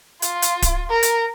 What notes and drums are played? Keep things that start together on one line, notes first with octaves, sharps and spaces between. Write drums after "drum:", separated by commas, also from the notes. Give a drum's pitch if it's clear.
F4, drum: hi-hat
drum: hi-hat
drum: kick D1, hi-hat
A#4
drum: hi-hat